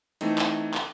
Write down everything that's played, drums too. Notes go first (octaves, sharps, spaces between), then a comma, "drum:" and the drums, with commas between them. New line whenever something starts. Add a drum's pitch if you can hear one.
E3 A3 C4 D#4, drum: hi-hat
drum: clap
drum: clap